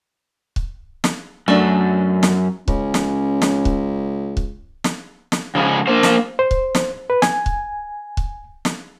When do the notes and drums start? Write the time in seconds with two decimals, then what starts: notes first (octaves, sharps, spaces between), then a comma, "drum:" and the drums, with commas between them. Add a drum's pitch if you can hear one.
0.56 drum: kick C#1
1.04 drum: snare
1.48 F#2 A3 D4
2.23 drum: snare
2.68 C#2 C#4, drum: kick C#1
2.94 drum: snare
3.42 drum: snare
3.65 drum: kick C#1
4.37 drum: kick C#1
4.84 drum: snare
5.32 drum: snare
5.55 C#3 F3 G#3
5.88 A#3 C5
6.03 drum: snare
6.39 C5
6.51 drum: kick C#1
6.75 drum: snare
7.10 B4
7.22 G#5, drum: snare
7.46 drum: kick C#1
8.17 drum: kick C#1
8.65 drum: snare